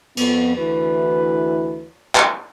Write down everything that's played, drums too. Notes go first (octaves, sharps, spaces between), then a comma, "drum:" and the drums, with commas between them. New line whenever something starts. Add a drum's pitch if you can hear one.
F2 B3, drum: cymbal
D2 E3 E4 F#4 B4
drum: clap